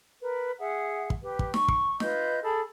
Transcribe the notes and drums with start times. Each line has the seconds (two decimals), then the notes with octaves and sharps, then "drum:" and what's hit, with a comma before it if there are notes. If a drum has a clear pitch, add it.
0.21 A#4 B4
0.58 G#4 E5 F#5
1.10 drum: kick
1.22 G4 B4
1.39 drum: kick
1.54 C#6, drum: snare
1.68 drum: kick
2.00 F4 B4 D#5 G6, drum: snare
2.43 G#4 A4 A5 B5